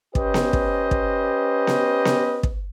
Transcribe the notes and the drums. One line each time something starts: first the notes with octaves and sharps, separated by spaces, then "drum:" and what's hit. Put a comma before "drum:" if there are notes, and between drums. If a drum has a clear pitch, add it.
C#4 G4 B4 C5 D#5, drum: kick
drum: snare B3
drum: kick
drum: kick
drum: snare B3
drum: snare B3
drum: kick